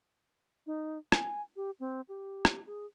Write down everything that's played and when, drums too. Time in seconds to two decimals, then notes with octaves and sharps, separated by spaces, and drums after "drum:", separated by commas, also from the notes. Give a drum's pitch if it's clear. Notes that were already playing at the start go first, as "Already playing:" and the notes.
0.66 D#4
1.12 G#5, drum: rim click
1.56 G4
1.80 C4
2.09 G4
2.45 drum: rim click
2.66 G#4